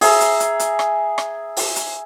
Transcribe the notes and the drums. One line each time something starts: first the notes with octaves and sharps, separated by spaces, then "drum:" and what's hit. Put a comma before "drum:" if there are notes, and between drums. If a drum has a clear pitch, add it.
G#4 E5 A#5, drum: open hi-hat
drum: hi-hat
drum: hi-hat
drum: hi-hat
drum: rim click
drum: rim click
drum: open hi-hat
drum: hi-hat